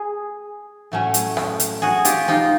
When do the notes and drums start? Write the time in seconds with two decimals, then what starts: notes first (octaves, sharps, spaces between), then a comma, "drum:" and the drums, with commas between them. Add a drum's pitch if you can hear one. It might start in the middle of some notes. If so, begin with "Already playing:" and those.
Already playing: G#4
0.92 A2 F#3 A3 C#4
1.14 drum: hi-hat
1.37 drum: rim click
1.60 drum: hi-hat
1.82 F#4 G#4
2.05 F4 G4, drum: hi-hat
2.28 D#4 F4